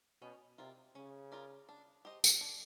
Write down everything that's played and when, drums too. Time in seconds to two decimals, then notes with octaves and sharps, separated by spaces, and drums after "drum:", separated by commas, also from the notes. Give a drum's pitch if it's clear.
0.22 B2 C#4
0.58 C3 F4 A#4 D5
0.95 C#3 C#4
1.32 F4 A#4 D5
1.69 D4
2.05 G4 C5 D#5
2.24 drum: tambourine
2.41 D4